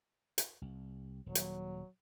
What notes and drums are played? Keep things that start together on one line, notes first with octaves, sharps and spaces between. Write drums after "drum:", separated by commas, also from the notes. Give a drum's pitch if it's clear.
drum: hi-hat
C2
D#1 F#3
drum: hi-hat